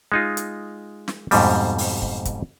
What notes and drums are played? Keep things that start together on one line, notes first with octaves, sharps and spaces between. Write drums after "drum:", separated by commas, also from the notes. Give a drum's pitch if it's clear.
G#3 D#4 F4
drum: hi-hat
drum: snare
F2 G#2 B2 G3, drum: open hi-hat
drum: open hi-hat
drum: kick
drum: kick, hi-hat